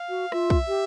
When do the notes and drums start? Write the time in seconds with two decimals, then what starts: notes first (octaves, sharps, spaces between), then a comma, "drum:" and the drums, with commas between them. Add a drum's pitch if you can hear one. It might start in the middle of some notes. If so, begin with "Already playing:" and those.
Already playing: F5
0.09 F#4
0.32 F4 E5, drum: rim click
0.50 drum: kick
0.68 G4